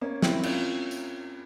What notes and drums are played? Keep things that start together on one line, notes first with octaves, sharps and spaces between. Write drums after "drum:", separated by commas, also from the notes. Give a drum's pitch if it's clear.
A#3 C#4
C4 E4, drum: snare
C#4 F4, drum: cymbal
drum: tambourine